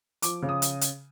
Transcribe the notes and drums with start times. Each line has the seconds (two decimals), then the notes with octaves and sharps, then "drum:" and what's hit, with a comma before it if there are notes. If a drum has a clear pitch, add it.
0.22 F3 D6, drum: hi-hat
0.42 C#3
0.49 D#6
0.62 drum: hi-hat
0.81 drum: hi-hat